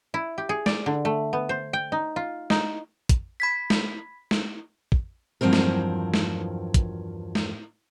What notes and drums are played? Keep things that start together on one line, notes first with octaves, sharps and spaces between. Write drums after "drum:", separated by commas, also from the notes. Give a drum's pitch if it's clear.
E4
G4
G#4
D5, drum: snare
D3
A3
B3
C5
G5
D#4
F4
D#4, drum: snare
drum: kick, hi-hat
B5 G#6 B6
drum: snare
drum: snare
drum: kick
E2 G2 F3 F#3 C4 A#4
drum: snare
drum: snare
drum: kick, hi-hat
drum: snare